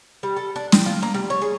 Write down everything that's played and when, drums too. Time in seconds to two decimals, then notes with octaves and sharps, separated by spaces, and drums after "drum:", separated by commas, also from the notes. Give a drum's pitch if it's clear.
0.23 G3
0.37 A4
0.56 D4
0.72 G5, drum: snare
0.86 F4
1.03 A#3
1.14 G3
1.30 C#5
1.42 G#4